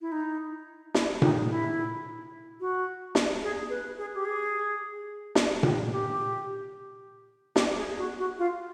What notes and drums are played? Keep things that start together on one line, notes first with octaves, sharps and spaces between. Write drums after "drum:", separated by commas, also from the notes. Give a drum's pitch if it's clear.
E4
D#4
E4, drum: snare
D#4, drum: tom A#2
E4
F#4
drum: snare
G#4
B4
G#4
G4
G#4
drum: snare
drum: tom A#2
G4
G4, drum: snare
G#4
F#4
F#4
F4